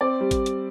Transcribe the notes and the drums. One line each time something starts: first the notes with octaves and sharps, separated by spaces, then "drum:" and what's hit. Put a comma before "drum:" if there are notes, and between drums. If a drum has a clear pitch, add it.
C4 D5
G3
drum: kick, hi-hat
drum: hi-hat